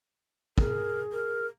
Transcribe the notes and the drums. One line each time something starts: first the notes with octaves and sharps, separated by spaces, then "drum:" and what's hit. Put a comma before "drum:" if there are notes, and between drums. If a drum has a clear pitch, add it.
G#4 A#4, drum: kick
A#4